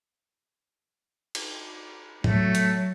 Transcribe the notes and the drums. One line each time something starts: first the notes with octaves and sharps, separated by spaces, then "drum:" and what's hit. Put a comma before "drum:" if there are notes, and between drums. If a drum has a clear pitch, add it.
drum: cymbal
F#3 A3, drum: tom A2
drum: hi-hat